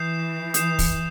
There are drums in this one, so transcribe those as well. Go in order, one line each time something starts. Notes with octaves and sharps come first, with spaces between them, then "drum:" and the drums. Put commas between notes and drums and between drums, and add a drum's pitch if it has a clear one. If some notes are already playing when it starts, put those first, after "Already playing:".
Already playing: E3 D#6 G6 C7 E7
D#6 G6 C7 E7, drum: hi-hat
drum: kick, open hi-hat